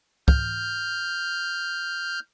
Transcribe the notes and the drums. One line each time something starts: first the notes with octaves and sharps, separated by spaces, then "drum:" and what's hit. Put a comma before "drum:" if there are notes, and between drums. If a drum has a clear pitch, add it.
F6 G6, drum: kick